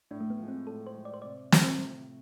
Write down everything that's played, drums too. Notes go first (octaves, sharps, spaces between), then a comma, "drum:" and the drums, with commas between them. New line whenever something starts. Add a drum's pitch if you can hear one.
A2 D4
A3
B3
F3 G#3
C4
A2 A4
C5
F3 G#3
D5
C5
C3 D5
F3 A3, drum: snare
C3